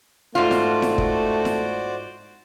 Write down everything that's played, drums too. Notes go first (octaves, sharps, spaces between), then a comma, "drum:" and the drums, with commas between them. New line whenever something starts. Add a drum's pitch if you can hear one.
G#2 A3 F4 F#4 C5 D5
drum: snare E4
drum: snare E4
drum: kick
drum: snare E4